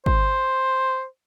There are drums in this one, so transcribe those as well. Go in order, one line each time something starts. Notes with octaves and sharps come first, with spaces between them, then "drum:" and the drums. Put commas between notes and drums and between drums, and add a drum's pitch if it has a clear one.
C5, drum: kick